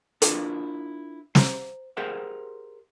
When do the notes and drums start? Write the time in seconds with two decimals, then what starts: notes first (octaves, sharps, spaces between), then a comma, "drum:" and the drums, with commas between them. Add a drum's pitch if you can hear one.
0.22 D4 E4 F4 A#4 B4, drum: hi-hat
1.35 C5 A#5, drum: snare
1.97 G4 G#4 A#4 C5 E5 F#5